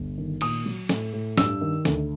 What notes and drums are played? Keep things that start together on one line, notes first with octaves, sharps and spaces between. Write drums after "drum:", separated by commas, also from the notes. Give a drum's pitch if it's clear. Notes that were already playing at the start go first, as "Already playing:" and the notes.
Already playing: G1
D#3
A#2 D#6, drum: cymbal
F#3
A2, drum: snare
A2
G2 E6, drum: snare
D#3
D2, drum: snare